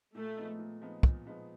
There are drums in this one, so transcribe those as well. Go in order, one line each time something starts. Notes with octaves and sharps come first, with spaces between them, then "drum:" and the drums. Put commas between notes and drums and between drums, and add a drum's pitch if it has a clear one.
A#2 A3
F3 G#3 B3 D#4
A#2
F3 G#3 B3 D#4
A#2, drum: kick
F3 G#3 B3 D#4